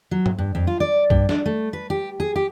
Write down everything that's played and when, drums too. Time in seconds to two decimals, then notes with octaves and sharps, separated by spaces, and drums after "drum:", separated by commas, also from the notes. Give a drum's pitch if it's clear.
0.11 F#3
0.26 drum: tom G2
0.38 G2
0.55 F2
0.67 F4
0.80 D5
1.10 G2, drum: kick
1.29 D4, drum: snare
1.46 A3
1.73 B4
1.90 G4
2.20 G#4
2.36 G4